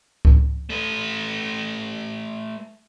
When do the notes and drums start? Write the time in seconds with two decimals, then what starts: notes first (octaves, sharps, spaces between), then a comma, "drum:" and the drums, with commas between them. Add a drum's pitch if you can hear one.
0.25 drum: kick C#2
0.70 A3 B4